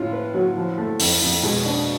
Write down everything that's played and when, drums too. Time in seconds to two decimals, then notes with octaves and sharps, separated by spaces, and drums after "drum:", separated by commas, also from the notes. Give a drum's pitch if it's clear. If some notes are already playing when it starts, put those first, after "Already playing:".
Already playing: A2 C#4 F4
0.13 B4
0.34 F#3
0.57 F3
0.78 A3
1.00 F2, drum: open hi-hat
1.22 F2
1.43 B2 G#3
1.65 D4